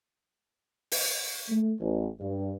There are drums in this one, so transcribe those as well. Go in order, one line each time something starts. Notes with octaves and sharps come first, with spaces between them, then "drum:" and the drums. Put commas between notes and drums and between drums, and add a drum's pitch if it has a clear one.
drum: open hi-hat
A3
A1
G2